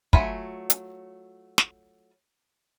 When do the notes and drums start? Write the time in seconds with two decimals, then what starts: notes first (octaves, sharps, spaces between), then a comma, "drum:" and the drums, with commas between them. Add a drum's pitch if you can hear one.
0.13 F#3 A3 F4 G#5 B5, drum: kick
0.70 drum: hi-hat
1.58 drum: snare